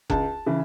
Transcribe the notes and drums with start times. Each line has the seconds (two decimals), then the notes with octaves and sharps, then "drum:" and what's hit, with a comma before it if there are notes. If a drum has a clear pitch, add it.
0.10 C#2 A5, drum: kick F1
0.46 C#3 E3